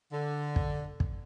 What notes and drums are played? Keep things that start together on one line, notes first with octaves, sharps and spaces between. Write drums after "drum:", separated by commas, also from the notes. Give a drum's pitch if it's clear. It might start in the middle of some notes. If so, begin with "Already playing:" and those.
D3
drum: kick
drum: kick